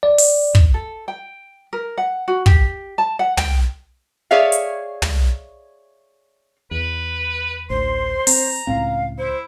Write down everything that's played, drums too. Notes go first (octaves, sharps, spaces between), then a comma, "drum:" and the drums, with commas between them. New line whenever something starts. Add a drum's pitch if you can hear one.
D5
drum: open hi-hat
drum: kick
A4
G5
A#4
F#5
F#4
G4, drum: kick
A5
F#5
G5, drum: tom
G#4 C#5 D5 E5 F5
drum: hi-hat
drum: tom
E2 B4
A1 D2 C5 C6
C4 A#5, drum: open hi-hat
C#2 A2 C4 F5
E4 C5